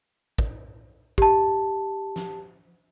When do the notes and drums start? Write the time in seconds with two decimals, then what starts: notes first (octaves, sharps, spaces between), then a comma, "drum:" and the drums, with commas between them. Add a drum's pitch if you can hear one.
0.38 drum: kick
1.18 G4 A5, drum: kick
2.16 drum: snare